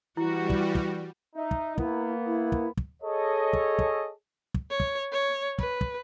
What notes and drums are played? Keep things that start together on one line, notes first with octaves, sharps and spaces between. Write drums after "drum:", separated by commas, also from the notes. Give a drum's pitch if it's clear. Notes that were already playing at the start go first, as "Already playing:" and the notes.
E3 G3 E4 F#4
drum: kick
drum: kick
D#4 E5
drum: kick
A#3 B3 E4, drum: kick
E4
drum: kick
drum: kick
G#4 A4 C#5 D#5
drum: kick
drum: kick
drum: kick
C#5
drum: kick
C#5
B4, drum: kick
drum: kick